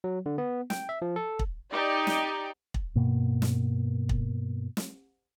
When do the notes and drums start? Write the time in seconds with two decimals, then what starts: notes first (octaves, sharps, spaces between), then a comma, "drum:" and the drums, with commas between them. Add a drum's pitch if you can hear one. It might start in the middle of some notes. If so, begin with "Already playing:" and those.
0.04 F#3
0.26 D3
0.38 B3
0.70 G5, drum: snare
0.89 E5
1.02 F3
1.16 A4
1.39 drum: kick
1.72 D#4 G4 D5
2.07 drum: snare
2.74 drum: kick
2.95 G2 B2 A#3
3.42 drum: snare
4.09 drum: kick
4.77 drum: snare